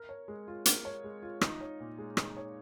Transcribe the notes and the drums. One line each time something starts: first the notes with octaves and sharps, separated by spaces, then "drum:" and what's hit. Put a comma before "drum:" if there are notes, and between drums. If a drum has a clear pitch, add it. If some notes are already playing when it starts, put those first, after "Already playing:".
Already playing: A#4
C#5
G#3
F4
A#4, drum: hi-hat
C#5
G#3
F4
D#4, drum: rim click
C#5
A#2
G#3
D#4, drum: rim click
C#5